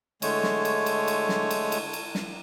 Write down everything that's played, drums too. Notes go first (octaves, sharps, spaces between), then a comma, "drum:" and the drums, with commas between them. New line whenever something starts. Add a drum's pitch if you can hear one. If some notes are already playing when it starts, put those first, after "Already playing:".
D3 G#3 A3 C#5, drum: cymbal
drum: snare
drum: cymbal
drum: cymbal
drum: cymbal
drum: snare
drum: cymbal
drum: cymbal
drum: cymbal
drum: snare